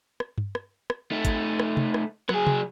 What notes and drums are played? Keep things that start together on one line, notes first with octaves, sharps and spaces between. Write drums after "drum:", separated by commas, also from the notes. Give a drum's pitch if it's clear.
drum: rim click
drum: tom G2
drum: rim click
drum: rim click
A3 D#4
drum: kick, hi-hat
drum: rim click
drum: tom C3
drum: rim click
F#3 G#4, drum: rim click
drum: tom C3